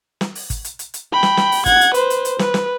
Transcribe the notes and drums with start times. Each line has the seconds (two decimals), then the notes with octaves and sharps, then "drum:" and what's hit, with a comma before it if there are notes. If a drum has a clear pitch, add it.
0.21 drum: snare
0.35 drum: open hi-hat
0.50 drum: kick, hi-hat
0.64 drum: hi-hat
0.79 drum: hi-hat
0.94 drum: hi-hat
1.13 G5 B5
1.23 drum: snare
1.37 drum: snare
1.52 drum: open hi-hat
1.66 F#5 G#6, drum: kick, hi-hat
1.81 drum: hi-hat
1.94 B4 C5, drum: hi-hat
2.10 drum: hi-hat
2.25 drum: hi-hat
2.39 B4, drum: snare
2.54 drum: snare